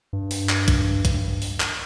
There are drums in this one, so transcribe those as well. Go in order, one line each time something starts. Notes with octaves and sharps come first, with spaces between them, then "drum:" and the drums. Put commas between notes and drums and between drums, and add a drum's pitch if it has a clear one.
G2
drum: open hi-hat
drum: clap
drum: kick A1, hi-hat
G2, drum: kick A1, hi-hat
drum: open hi-hat
drum: clap